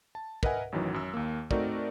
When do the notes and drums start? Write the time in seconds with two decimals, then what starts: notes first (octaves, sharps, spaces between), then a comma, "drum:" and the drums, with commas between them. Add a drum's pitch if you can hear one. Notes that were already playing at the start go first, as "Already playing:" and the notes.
0.15 A5
0.43 A#4 B4 D#5 E5 F#5 G#5, drum: kick
0.72 A1 F#2 D#3 E3 F#3
0.94 F#2 E6
1.14 D#2 A#3
1.51 A3 C4 D#4 F#4 A#4 D5, drum: kick